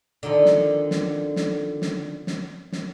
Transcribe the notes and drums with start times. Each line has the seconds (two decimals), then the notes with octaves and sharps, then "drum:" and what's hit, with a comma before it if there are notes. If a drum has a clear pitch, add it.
0.23 D3 D#3 F3
0.46 drum: snare
0.91 drum: snare
1.36 drum: snare
1.82 drum: snare
2.27 drum: snare
2.72 drum: snare